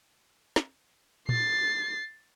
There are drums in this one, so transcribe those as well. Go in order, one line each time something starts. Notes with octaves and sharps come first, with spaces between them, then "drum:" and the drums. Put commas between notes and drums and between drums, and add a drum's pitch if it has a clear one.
drum: snare
A6 C7, drum: tom A#2